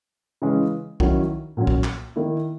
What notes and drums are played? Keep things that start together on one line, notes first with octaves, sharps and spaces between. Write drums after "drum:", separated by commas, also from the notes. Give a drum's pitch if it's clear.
C#3 E3 G#3 C#4
D#3 F#3 C#4 E4, drum: kick B1
A#2 F#3 C#4
drum: kick B1
drum: clap
D#3 A#3 E4